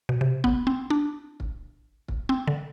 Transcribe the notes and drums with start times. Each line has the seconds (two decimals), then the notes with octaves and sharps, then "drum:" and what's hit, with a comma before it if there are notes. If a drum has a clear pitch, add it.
0.09 B2
0.21 C3
0.44 B3, drum: kick
0.67 C4
0.90 D4
1.40 drum: kick
2.08 drum: kick
2.29 C4
2.48 D3